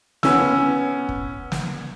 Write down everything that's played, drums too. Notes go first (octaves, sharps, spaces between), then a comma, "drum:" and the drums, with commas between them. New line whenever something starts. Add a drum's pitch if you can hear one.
B3 C#4 E6, drum: snare
drum: kick
drum: snare